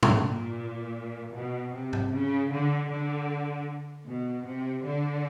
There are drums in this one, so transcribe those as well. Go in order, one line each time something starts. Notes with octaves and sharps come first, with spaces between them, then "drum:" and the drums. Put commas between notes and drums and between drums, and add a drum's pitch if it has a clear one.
drum: tom G#2
A#2
B2
C3
drum: tom G#2
C#3
D3
D3
B2
C3
D3